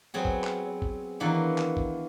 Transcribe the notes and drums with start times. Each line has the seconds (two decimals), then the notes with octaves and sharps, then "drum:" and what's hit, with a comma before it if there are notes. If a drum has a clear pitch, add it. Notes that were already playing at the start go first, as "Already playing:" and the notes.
0.14 F#3 B3 C4 G#4
0.25 drum: kick
0.44 drum: clap
0.82 drum: kick
1.20 D#3 E3 A#3 B3 D4 E4
1.58 drum: clap
1.77 drum: kick